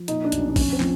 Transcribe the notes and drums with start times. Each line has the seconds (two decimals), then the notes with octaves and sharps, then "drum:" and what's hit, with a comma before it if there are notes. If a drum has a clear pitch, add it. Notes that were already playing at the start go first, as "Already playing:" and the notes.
Already playing: F3
0.08 A#2 D#4, drum: hi-hat
0.25 D4
0.32 B1, drum: hi-hat
0.40 C#4
0.50 D4
0.56 F2 C#4, drum: kick A#1, open hi-hat
0.73 C4
0.80 F3, drum: clap